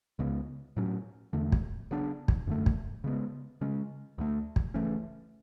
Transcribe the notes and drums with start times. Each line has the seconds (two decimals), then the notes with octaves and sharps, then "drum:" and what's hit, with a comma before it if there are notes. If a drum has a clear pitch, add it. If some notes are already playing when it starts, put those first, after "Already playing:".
0.19 C#2 C#3 G#3 B3
0.76 A2 F#3 C#4
1.33 E2 D3 A3
1.52 drum: kick
1.91 C#3 F#3 B3 D4
2.28 drum: kick
2.47 F#2 D3 A3
2.66 drum: kick
3.04 C#3 G#3 B3
3.61 C#3 G#3 C#4
4.18 D2 D3 A3
4.56 drum: kick
4.74 C#3 E3 A3 C#4